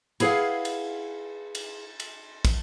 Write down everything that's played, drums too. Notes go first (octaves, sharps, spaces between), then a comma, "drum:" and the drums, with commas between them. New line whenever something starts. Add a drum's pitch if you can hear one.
E4 G#4 B4 D#5 F5 F#5, drum: cymbal
drum: cymbal
drum: cymbal
drum: cymbal
drum: kick, cymbal